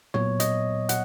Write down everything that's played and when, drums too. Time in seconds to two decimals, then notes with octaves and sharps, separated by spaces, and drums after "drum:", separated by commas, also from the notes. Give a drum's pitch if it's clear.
0.14 A#2 F#3 B3 C#5, drum: tom
0.40 D#5, drum: hi-hat
0.89 F#5, drum: hi-hat